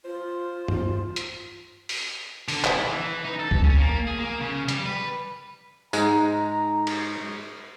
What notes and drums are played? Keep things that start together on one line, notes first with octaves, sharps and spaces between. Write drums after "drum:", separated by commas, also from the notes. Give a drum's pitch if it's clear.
F4 C5
drum: tom G2
drum: hi-hat
drum: open hi-hat
D3, drum: open hi-hat
E4, drum: clap
E3
D#4
A4
drum: kick C#2
C#4
A#3
G#4
A#3
C#3
G3, drum: hi-hat
B4
G#2 G#3 A#5, drum: tambourine
drum: cymbal